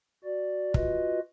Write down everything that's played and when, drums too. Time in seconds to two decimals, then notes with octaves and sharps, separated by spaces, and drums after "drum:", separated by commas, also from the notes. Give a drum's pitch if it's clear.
0.24 F#4 D5
0.74 F4 F#4 B4 D#5, drum: kick